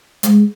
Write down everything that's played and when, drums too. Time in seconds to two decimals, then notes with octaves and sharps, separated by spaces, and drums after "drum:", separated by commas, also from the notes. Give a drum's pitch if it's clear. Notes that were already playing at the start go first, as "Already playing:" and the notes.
0.23 G#3, drum: hi-hat